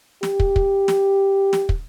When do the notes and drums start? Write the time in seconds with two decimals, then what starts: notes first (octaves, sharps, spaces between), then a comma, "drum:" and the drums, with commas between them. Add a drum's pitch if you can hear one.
0.23 G4, drum: snare
0.40 drum: kick
0.56 drum: kick
0.88 drum: snare
1.53 drum: snare
1.69 drum: kick